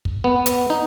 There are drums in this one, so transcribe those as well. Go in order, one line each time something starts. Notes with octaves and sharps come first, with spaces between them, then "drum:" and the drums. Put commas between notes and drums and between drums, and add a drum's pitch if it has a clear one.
drum: kick
B3
drum: hi-hat
D#4